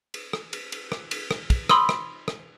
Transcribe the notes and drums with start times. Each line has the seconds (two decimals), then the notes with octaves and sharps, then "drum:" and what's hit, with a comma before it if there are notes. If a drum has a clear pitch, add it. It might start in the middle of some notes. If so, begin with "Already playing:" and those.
0.14 drum: cymbal
0.33 drum: rim click
0.53 drum: cymbal
0.72 drum: cymbal
0.92 drum: rim click
1.11 drum: cymbal
1.31 drum: rim click
1.50 drum: kick, cymbal
1.69 B5 C6 D#6 E6, drum: rim click
1.89 drum: rim click
2.28 drum: rim click